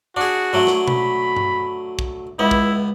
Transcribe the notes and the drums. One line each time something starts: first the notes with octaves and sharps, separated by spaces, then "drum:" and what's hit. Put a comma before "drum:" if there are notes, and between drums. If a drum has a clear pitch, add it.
D4 F#4 G#4
D3 F#3 A3
drum: snare
B5, drum: tom B2
drum: tom G2
drum: kick
C#2 B3 E4
drum: kick